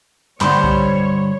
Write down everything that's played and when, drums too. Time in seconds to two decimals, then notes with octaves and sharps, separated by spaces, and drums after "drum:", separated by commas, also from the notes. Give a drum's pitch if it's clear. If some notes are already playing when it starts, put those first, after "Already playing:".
0.41 G2 D3 G3 C5 C#5 B5, drum: clap
0.64 drum: kick